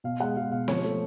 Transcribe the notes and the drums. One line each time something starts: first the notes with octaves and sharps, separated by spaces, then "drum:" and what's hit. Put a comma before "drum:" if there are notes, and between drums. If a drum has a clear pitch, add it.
B2 F5
G#3 F#5
G#3 F5
B2 F5
F3 C#5, drum: snare C4
A3